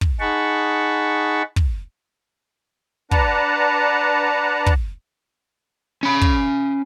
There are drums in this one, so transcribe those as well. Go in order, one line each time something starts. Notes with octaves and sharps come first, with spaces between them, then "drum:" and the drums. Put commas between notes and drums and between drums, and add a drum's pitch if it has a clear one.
drum: kick
D#4 G#4 F#5 A5 B5 C#6
drum: kick
D4 B4 F#5 A5 A#5, drum: kick
drum: kick
C#4 B5
drum: kick